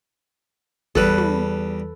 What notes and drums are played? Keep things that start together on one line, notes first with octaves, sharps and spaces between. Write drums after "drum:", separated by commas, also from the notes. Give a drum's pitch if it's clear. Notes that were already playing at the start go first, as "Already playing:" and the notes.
E2 G3 A4 B4, drum: kick G#1
drum: tom